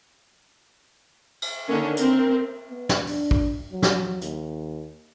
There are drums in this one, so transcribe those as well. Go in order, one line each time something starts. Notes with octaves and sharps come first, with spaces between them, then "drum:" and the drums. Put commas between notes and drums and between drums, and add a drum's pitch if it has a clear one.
drum: cymbal
D3 D#3 A#3 C#4 A#4
C4 A#4, drum: hi-hat
B3
drum: snare
D4, drum: open hi-hat
drum: kick
F#3
drum: snare
D#2, drum: hi-hat